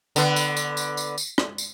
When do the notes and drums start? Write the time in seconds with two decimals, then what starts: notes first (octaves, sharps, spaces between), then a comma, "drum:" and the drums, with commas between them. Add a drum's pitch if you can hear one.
0.16 D3 B3, drum: tambourine
0.36 drum: tambourine
0.57 drum: tambourine
0.77 drum: tambourine
0.97 drum: tambourine
1.18 drum: tambourine
1.38 drum: rim click
1.58 drum: tambourine